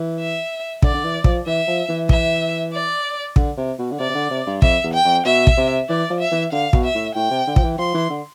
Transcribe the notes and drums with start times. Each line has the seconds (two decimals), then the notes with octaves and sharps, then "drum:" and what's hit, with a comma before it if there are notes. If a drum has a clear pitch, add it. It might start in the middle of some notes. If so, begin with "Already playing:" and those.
Already playing: E3
0.19 E5
0.82 D3 D5, drum: kick
0.94 D3
1.04 E3
1.24 F3, drum: kick
1.46 E3 E5
1.68 F3
1.89 E3
2.09 E5, drum: kick
2.73 D5
3.36 D3, drum: kick
3.57 C3
3.78 B2
3.91 D3
4.00 C3 D5
4.10 C3
4.14 D3
4.30 C3
4.47 G2
4.62 F2 E5, drum: kick
4.84 E2
4.94 G5
5.05 F2
5.25 B2 E5
5.47 drum: kick
5.57 C3
5.89 E3 D5
6.10 F3
6.20 E5
6.32 E3
6.52 D3 F5
6.73 B2, drum: kick
6.85 E5
6.95 A2
7.15 A2 G5
7.31 C3
7.47 D3
7.56 F3, drum: kick
7.63 E3
7.78 F3 C6
7.95 E3
8.10 D3